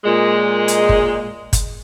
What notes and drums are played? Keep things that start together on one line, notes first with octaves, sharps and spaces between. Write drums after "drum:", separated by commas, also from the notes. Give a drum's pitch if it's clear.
A#2 G#3
drum: hi-hat
drum: kick G1
drum: kick G1, hi-hat